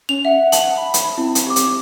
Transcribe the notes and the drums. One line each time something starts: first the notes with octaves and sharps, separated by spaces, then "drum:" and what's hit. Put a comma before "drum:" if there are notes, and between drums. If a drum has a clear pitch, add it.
C#4 F7
E5 F#5
A5 F#7, drum: hi-hat
B5
drum: hi-hat
C4 E4
drum: hi-hat
G4 D6
drum: hi-hat